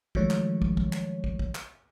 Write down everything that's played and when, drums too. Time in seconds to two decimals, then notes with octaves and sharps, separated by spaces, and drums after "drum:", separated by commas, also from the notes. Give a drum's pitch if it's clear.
0.15 D#3 F3 F#3 G#3 A3 C#5, drum: kick
0.31 drum: clap
0.62 drum: kick
0.77 drum: kick
0.93 drum: clap
1.24 drum: kick
1.39 drum: kick
1.55 drum: clap